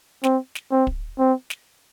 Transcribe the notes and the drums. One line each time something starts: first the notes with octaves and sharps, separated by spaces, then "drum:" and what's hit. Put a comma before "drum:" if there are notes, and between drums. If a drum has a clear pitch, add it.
C4, drum: snare
drum: snare
C4
drum: kick
C4
drum: snare